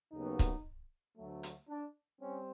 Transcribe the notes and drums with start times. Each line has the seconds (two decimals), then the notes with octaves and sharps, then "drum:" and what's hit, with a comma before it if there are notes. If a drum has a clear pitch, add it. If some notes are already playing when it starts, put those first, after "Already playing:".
0.13 D#2 C#3 F#3 B3 D#4
0.39 drum: kick C#1, hi-hat
1.17 D2 D3 F#3 A3
1.43 drum: hi-hat
1.69 D4
2.21 G3 C4 C#4